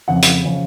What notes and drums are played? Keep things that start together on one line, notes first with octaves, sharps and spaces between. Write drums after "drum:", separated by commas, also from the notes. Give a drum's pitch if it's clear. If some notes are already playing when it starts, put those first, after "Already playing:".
F2 C#3 F3 F#5
drum: hi-hat
C#3 F3